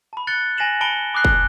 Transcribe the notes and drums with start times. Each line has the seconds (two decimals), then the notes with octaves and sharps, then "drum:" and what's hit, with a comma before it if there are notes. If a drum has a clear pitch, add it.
0.13 A5 B5
0.27 F#6 A6 C#7 G7
0.57 G#5 A#6 C7 E7 F#7
0.81 G#5 A5 B5 C#7 D7 G7
1.14 B5 D6 D#6 F#6 C7
1.25 drum: kick